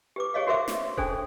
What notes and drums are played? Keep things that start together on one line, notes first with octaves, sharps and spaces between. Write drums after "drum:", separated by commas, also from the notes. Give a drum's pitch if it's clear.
G4 B4 D6
G4 G#4 C#5 D#5 F5
F#4 G4 A#4 C5 E5 D6
drum: snare
C#4 D4 G#4 A4 C5, drum: kick D#1